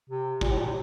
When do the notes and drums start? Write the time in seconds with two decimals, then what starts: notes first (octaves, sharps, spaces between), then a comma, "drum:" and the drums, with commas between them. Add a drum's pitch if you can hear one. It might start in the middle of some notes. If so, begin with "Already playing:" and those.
0.09 C3
0.41 A#2, drum: kick
0.50 A2
0.58 A#2
0.66 C3